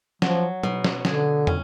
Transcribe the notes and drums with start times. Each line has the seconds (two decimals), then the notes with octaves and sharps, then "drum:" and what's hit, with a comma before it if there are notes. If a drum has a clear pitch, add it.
0.22 F3 F#3, drum: snare
0.63 B2, drum: tom F#3
0.84 drum: snare
1.05 D3 G#4, drum: snare
1.47 C#4, drum: tom